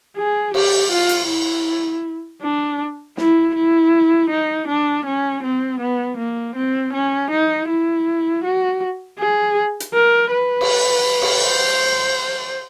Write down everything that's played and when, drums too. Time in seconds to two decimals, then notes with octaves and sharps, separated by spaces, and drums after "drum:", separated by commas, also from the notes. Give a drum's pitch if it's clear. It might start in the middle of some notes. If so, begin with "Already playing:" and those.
0.17 G#4
0.54 G4, drum: cymbal
0.92 F4
1.09 drum: hi-hat
1.29 E4
2.42 D4
3.17 E4, drum: snare
3.55 E4
4.30 D#4
4.68 D4
5.05 C#4
5.43 C4
5.80 B3
6.18 A#3
6.56 C4
6.93 C#4
7.31 D#4
7.68 E4
8.44 F#4
9.19 G#4
9.80 drum: hi-hat
9.94 A#4
10.31 B4
10.61 drum: cymbal
11.22 drum: cymbal
11.44 C5